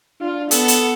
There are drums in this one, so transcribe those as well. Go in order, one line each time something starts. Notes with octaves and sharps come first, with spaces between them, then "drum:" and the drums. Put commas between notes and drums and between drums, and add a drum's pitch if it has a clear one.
D4 F4
B3 A4, drum: hi-hat
drum: hi-hat